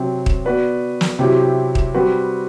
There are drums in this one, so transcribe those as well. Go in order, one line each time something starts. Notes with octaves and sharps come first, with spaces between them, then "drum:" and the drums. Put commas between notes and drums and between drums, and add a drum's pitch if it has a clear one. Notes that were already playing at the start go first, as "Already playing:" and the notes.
Already playing: C3 F#3 C4
drum: kick
B3 F#4 B4 D5
drum: snare
C3 F#3 C4 E4 G4
drum: kick
G3 C4 F#4 B4